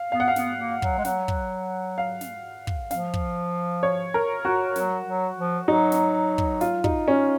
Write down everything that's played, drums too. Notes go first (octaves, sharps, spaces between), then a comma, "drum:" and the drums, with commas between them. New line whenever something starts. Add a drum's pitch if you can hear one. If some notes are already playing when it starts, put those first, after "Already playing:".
Already playing: F5
B3 F5
F#5
F5
B3, drum: snare
A#3
F#3, drum: kick
G#3
F#3 F#5, drum: snare
drum: kick
F5
drum: snare
drum: kick
F3 F5, drum: snare
drum: kick
C#5
A#4
F#4
F#3, drum: snare
F#3
F3
F#3 D#4
drum: snare
drum: kick
F4, drum: snare
D#4, drum: kick
C#4